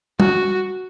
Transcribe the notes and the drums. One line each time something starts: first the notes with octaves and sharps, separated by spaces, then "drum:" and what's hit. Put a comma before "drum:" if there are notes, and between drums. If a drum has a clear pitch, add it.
F#4, drum: tom